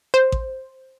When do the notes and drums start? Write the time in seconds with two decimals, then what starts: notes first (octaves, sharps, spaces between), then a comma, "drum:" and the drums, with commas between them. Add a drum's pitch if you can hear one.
0.14 C5
0.32 drum: kick A1